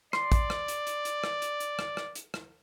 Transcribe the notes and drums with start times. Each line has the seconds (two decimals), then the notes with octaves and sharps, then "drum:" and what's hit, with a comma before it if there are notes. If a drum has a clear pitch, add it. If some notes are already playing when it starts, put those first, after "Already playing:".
0.13 D5 C6, drum: rim click
0.32 drum: kick, hi-hat
0.50 drum: rim click
0.68 drum: hi-hat
0.87 drum: hi-hat
1.05 drum: hi-hat
1.24 drum: rim click
1.42 drum: hi-hat
1.60 drum: hi-hat
1.79 drum: rim click
1.97 drum: rim click
2.15 drum: hi-hat
2.34 drum: rim click